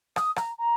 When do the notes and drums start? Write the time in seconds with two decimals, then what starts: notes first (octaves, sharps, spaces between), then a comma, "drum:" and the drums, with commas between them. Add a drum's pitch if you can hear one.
0.16 D#6, drum: rim click
0.36 A#5, drum: rim click
0.58 A#5